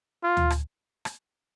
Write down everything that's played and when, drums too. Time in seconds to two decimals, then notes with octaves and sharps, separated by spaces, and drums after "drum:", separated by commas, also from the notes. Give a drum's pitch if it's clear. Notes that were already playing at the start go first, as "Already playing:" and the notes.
0.23 F4
0.37 drum: tom D2
0.50 drum: rim click
1.05 drum: rim click